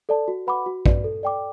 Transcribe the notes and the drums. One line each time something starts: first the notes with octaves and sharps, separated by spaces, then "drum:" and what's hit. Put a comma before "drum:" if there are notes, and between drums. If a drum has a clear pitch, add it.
A4 D5 A5
F#4
B4 F#5 B5 D6
F#4
B4 D5, drum: kick
A4
D5 G5 D6